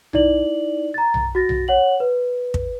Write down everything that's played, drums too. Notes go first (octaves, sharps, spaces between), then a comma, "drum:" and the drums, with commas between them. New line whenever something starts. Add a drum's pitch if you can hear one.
D#4 E4 D5 F#7, drum: tom B1
A#5 A6
drum: tom B1
F#4 A6 A#6
drum: tom B1
C#5 F#5 F#7
B4
drum: kick